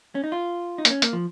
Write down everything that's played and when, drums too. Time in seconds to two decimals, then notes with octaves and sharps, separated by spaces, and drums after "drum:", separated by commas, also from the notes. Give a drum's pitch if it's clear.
0.15 C#4
0.24 D#4
0.32 F4
0.78 D#4
0.85 A#3, drum: hi-hat
0.90 C#4
1.02 A#3, drum: hi-hat
1.13 F3